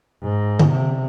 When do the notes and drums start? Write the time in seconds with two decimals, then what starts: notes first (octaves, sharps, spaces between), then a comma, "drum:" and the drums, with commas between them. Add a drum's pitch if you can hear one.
0.22 G#2
0.59 drum: tom D3
0.70 C3